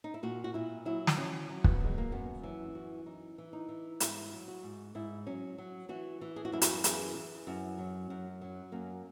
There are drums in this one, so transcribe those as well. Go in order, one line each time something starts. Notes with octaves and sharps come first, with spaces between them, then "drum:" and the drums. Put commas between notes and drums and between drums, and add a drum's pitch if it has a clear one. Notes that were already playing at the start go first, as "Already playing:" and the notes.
D#4
E4
A#2 F#4
F#4
A#2 E4
F#3 E4
drum: snare
F#3 C#4
F#3
B3, drum: kick
F#3 G#3
A#3
F#2 B3
E3 C#4
F#2 F#4
E3 D#4
E3
D#4
E3
G#2 E4, drum: hi-hat
F#3
F#4
G#2
G#2 E4
F#3 C#4
F#3
E3 F#4
E3
G#4
F#4
F#2 E4
F#4, drum: hi-hat
E3 G#4, drum: hi-hat
E3
F#2
F#3
F#2
F#3
F#2 A#3